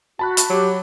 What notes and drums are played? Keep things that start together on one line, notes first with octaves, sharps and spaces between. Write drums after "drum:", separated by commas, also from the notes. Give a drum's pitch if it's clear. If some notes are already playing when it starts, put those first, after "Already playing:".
F#4 A5 B5 F#6
drum: hi-hat
F#3 G4